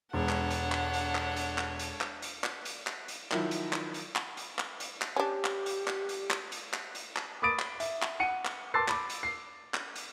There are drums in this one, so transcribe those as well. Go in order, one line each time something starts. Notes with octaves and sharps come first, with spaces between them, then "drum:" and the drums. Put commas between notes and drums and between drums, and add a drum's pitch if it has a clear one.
E1 D4 A4 C#5 F#5
drum: clap
drum: hi-hat
drum: clap
drum: hi-hat
drum: clap
drum: hi-hat
drum: clap
drum: hi-hat
drum: clap
drum: hi-hat
drum: clap
drum: hi-hat
drum: clap
drum: hi-hat
D#3 F3 F#3 E4 A#4, drum: clap
drum: hi-hat
drum: clap
drum: hi-hat
drum: clap
drum: hi-hat
drum: clap
drum: hi-hat
drum: clap
C#4 D4 G4
drum: clap
drum: hi-hat
drum: clap
drum: hi-hat
drum: clap
drum: hi-hat
drum: clap
drum: hi-hat
drum: clap
B5 D6 D#6 A6 D7
drum: clap
E5, drum: hi-hat
drum: clap
F#5 C#7 D#7
drum: clap
A5 C6 D6 E6 A6 C7
B5 D6, drum: clap
drum: hi-hat
C7
drum: clap
drum: hi-hat